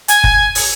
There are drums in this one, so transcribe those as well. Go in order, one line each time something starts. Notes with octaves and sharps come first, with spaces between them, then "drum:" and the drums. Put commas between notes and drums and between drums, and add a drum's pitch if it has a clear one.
G#5, drum: hi-hat
drum: kick F#1
drum: open hi-hat